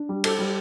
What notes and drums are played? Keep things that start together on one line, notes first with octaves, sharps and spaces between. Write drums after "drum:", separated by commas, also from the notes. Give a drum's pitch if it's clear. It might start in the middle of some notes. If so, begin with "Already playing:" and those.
Already playing: D4
G3
A4, drum: cymbal
G3